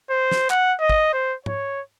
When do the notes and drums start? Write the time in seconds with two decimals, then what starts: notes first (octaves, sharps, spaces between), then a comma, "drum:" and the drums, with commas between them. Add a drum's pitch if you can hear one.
0.10 C5
0.31 drum: snare
0.50 F#5, drum: clap
0.80 D#5
0.90 drum: kick
1.13 C5
1.46 C#5, drum: tom